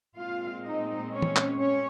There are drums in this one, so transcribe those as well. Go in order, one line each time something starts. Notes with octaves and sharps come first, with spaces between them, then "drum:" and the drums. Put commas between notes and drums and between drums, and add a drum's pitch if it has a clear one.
A#2 G#3 C4 F4 F5
D#4 D#5
C#4 C#5
drum: tom E3
drum: clap
C#4 C#5